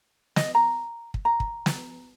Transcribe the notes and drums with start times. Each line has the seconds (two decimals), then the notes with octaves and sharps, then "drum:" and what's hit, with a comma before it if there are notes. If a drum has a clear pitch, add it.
0.36 D#5, drum: snare
0.55 A#5
1.14 drum: kick
1.25 A#5
1.40 drum: kick
1.66 drum: snare